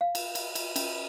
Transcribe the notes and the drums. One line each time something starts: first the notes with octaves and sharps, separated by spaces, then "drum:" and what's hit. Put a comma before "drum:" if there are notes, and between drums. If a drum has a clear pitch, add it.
F5
drum: cymbal
drum: cymbal
drum: cymbal
C#4, drum: cymbal